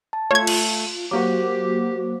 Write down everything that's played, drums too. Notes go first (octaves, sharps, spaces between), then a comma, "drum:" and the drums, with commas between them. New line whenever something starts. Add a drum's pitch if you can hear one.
A5
A3 F4 C#5 G#6
drum: cymbal
F#3 A#3 F#4 G4 C5 D6